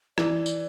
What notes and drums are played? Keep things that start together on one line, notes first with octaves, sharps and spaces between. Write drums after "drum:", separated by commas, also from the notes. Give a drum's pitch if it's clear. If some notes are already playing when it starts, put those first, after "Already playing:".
E3 D5, drum: rim click
drum: tambourine